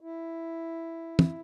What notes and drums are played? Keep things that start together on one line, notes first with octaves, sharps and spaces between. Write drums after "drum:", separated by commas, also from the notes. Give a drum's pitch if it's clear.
E4
drum: tom